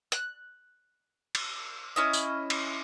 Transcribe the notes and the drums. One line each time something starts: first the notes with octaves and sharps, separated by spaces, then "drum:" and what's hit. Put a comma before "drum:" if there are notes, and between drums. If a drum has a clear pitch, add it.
F#6, drum: hi-hat
drum: cymbal
C#4 E4 D#5
drum: tambourine
drum: cymbal